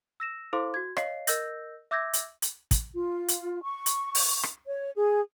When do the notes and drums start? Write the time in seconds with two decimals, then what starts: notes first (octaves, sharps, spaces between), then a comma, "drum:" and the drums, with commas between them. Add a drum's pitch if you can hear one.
0.20 E6 A#6 E7
0.53 E4 A4 C5 F5 C6 D6
0.74 F#4 G#6
0.97 C#5 D#5 F5 C7, drum: rim click
1.27 A#4 D#5 E6 G6 A#6, drum: hi-hat
1.91 E5 D6 E6 G6 G#6 A#6
2.13 drum: hi-hat
2.42 drum: hi-hat
2.71 drum: kick, hi-hat
2.94 F4
3.28 drum: hi-hat
3.62 C#6
3.86 drum: hi-hat
4.15 drum: open hi-hat
4.43 drum: rim click
4.66 C#5
4.96 G#4